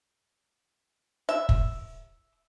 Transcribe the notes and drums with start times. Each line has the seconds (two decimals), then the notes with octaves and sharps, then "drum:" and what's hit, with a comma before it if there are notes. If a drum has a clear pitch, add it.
1.29 E5
1.49 drum: kick